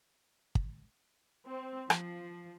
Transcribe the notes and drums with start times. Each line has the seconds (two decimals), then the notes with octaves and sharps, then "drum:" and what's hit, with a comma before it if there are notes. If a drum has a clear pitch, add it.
0.55 drum: kick
1.46 C4
1.90 F3, drum: rim click